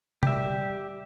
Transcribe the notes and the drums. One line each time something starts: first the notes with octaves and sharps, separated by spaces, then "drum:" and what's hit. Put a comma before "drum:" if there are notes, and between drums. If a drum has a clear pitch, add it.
G3 G4 E5, drum: tom